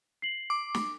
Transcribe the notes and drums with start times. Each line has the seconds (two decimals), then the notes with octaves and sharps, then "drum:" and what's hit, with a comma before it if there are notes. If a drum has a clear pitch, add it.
0.22 C7 F#7
0.50 D6
0.74 drum: snare